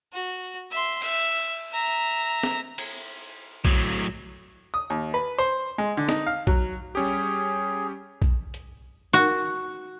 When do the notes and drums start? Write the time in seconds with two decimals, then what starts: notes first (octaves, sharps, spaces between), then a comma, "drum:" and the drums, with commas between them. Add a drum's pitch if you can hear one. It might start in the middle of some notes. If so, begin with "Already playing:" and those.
0.13 F#4
0.71 E5 C6
1.02 E5, drum: cymbal
1.72 E5 A#5
2.43 drum: snare
2.78 drum: cymbal
3.65 A2 F#3, drum: kick A#1
4.74 D#6
4.90 D#2
5.14 B4
5.38 C5
5.78 G#3
5.97 D3
6.09 D#4, drum: snare
6.26 F5
6.47 F#3, drum: kick A#1
6.95 G3 C#4 G4 G#4
8.22 drum: kick A#1
8.54 drum: hi-hat
9.13 F#4